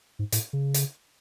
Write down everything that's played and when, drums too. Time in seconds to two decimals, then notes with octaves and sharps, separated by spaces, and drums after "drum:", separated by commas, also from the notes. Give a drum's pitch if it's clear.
0.19 G#2
0.32 A2, drum: hi-hat
0.53 C#3
0.74 drum: hi-hat